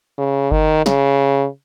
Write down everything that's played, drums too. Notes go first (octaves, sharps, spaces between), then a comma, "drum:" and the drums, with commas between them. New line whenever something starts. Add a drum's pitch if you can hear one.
C#3
D#3, drum: kick G1
C#3, drum: snare